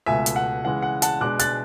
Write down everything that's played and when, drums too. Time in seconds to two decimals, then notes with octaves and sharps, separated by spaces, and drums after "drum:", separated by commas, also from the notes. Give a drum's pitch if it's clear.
0.06 C#2 B2 A3 E5 G#5
0.26 drum: hi-hat
0.36 F#5
0.64 C#3 E3 G#3 F#5
0.82 F#5
1.02 F#5 A5, drum: hi-hat
1.20 B2 G#3 D4 D6 F#6
1.39 F#6 A6, drum: hi-hat